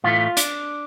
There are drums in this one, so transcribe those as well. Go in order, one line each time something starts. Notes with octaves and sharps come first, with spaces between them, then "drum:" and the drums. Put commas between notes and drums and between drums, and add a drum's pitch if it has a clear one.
A2 E3 A3 F4
D4, drum: hi-hat